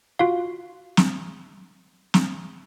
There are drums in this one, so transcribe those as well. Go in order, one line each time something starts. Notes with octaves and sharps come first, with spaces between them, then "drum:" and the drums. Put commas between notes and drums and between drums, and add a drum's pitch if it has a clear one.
F4 F#4 F5
drum: snare
drum: snare